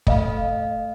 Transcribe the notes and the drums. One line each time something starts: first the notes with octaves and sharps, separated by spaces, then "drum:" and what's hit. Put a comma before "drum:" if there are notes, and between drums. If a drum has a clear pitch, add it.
A3 D#5 F5, drum: kick